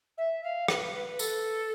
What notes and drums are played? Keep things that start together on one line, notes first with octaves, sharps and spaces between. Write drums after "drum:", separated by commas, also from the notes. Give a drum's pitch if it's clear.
E5
F5
B4, drum: rim click
B4
A4, drum: tambourine